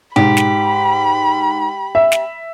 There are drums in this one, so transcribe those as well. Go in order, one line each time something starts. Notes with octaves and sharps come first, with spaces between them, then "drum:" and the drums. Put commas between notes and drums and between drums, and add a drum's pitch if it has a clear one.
G#2 G4 B5, drum: tom B2
drum: snare
E5
drum: snare